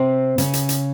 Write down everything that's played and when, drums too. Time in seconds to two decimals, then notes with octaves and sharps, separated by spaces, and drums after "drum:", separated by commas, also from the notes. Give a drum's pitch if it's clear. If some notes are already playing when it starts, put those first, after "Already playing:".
Already playing: C3 C4
0.38 C#3 C#4, drum: hi-hat
0.53 drum: hi-hat
0.69 drum: hi-hat